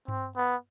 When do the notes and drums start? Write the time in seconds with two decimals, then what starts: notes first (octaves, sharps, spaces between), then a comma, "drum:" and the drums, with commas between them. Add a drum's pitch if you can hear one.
0.08 C4, drum: tom G2
0.36 B3